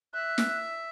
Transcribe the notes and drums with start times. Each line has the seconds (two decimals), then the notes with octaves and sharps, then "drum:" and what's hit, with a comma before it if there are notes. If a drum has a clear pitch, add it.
0.13 E5 F#6
0.38 drum: snare